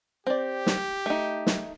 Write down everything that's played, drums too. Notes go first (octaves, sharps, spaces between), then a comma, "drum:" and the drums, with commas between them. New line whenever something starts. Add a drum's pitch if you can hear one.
C4 G4 D5
drum: snare
A3 D#4
drum: snare